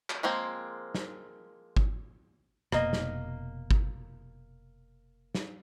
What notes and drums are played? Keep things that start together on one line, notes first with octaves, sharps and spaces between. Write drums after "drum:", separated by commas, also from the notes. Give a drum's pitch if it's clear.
drum: clap
F3 G#3 A#3 C4
drum: snare
drum: kick G1
F1 B2 A#3 D#5, drum: rim click
drum: snare
drum: kick G1
drum: snare